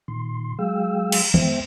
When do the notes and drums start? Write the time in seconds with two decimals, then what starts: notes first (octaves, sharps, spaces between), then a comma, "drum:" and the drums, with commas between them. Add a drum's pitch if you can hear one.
0.08 A#2 D#3 C6
0.59 F#3 G#3 G#4 F5 G5 E6
1.12 drum: cymbal
1.34 F#2 G#3 B3 C5 E5 G5, drum: tom